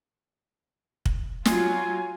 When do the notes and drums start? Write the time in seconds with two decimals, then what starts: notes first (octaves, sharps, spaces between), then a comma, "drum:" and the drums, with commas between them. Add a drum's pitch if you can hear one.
1.06 drum: kick
1.45 F#3 F4 G#5, drum: snare